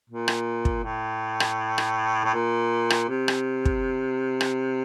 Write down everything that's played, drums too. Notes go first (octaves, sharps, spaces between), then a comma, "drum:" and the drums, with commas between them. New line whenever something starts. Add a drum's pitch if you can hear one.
A#2
drum: rim click
drum: kick
A2
drum: rim click
drum: rim click
A2
A#2
drum: rim click
C3
drum: rim click
drum: kick
drum: rim click